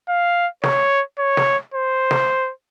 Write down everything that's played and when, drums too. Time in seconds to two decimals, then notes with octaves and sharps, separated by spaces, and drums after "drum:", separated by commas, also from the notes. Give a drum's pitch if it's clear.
0.09 F5
0.63 C#5, drum: snare
1.19 C#5
1.37 drum: snare
1.74 C5
2.11 drum: snare